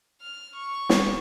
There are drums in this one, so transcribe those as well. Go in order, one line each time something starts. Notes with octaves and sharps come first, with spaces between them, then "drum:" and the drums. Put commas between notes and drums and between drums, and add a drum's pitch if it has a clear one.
F6
C#6
drum: snare